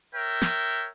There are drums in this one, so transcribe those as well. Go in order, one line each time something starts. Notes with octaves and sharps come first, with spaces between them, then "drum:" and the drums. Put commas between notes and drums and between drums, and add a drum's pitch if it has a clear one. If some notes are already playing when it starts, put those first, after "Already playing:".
A#4 C#5 E5 G5
drum: snare